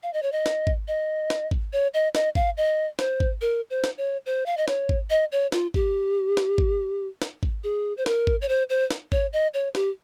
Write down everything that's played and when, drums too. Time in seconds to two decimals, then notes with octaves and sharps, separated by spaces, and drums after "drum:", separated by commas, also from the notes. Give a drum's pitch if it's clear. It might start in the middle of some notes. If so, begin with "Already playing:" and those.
0.03 F5
0.13 D#5
0.22 C#5
0.32 D#5
0.46 drum: snare
0.67 drum: kick G#1
0.88 D#5
1.30 drum: snare
1.51 drum: kick G#1
1.73 C#5
1.94 D#5
2.15 D#5, drum: snare
2.35 F5, drum: kick G#1
2.57 D#5
2.99 C5, drum: snare
3.20 drum: kick G#1
3.41 A#4
3.70 C5
3.84 drum: snare
3.98 C#5
4.26 C5
4.46 F5
4.57 D#5
4.68 C#5, drum: snare
4.89 drum: kick G#1
5.10 D#5
5.32 C#5
5.52 F4, drum: snare
5.74 G4, drum: kick G#1
6.37 drum: snare
6.58 drum: kick G#1
7.22 drum: snare
7.43 drum: kick G#1
7.64 G#4
7.97 C5
8.06 A#4, drum: snare
8.27 drum: kick G#1
8.42 C#5
8.49 C5
8.70 C5
8.91 drum: snare
9.12 C#5, drum: kick G#1
9.33 D#5
9.54 C#5
9.75 G4, drum: snare